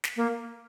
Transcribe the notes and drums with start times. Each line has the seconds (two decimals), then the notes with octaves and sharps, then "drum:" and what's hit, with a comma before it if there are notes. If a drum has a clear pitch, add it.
0.04 drum: snare
0.17 A#3